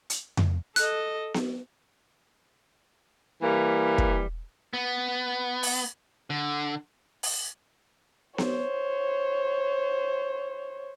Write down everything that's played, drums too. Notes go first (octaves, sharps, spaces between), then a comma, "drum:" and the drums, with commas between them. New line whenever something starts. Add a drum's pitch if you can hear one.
drum: hi-hat
drum: tom F2
A4 D#5 F#6, drum: hi-hat
drum: snare B3
E3 G3 A#3
drum: kick
B3
drum: open hi-hat
D3
drum: open hi-hat
C5 C#5, drum: snare B3